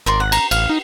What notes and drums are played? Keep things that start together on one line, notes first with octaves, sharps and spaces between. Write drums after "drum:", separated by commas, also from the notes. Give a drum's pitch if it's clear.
G#1 A#4 D5 C6
F#5
A#5, drum: cymbal
A1 F5, drum: cymbal
D#4